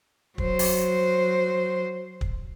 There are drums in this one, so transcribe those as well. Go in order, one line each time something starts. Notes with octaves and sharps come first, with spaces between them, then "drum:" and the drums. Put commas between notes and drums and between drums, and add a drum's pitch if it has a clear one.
F#3 C5, drum: kick
drum: open hi-hat
drum: kick